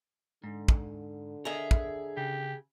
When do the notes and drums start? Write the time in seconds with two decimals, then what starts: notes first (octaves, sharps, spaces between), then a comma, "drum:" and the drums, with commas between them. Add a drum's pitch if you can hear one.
0.44 G#2 D3
0.68 drum: kick
1.45 G#4 A#4 D#5 E5
1.71 drum: kick
2.17 C#3 G4